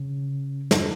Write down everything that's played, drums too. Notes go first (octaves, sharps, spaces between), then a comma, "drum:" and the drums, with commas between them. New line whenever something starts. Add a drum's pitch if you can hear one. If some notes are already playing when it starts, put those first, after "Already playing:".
Already playing: C#3
drum: snare